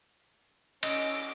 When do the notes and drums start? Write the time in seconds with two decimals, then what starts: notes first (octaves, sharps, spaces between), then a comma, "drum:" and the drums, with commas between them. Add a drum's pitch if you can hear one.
0.83 C#4 D#5 D6, drum: cymbal